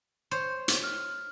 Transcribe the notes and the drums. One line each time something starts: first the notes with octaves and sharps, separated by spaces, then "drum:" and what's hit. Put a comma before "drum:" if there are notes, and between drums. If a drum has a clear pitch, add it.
C5 C#5
drum: hi-hat
F6